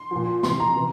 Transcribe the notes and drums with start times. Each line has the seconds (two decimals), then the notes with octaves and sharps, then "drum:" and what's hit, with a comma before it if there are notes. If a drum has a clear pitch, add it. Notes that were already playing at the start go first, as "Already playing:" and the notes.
Already playing: C6
0.11 A#2 F3
0.43 C3 E3 C6, drum: snare
0.60 A#5
0.76 C3 E3